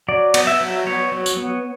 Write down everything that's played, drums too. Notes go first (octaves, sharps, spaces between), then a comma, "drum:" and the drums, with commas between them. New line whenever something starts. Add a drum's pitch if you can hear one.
F#3 D5
B3, drum: cymbal
E5
F#3
B3 C#5
F#3
drum: tambourine
B3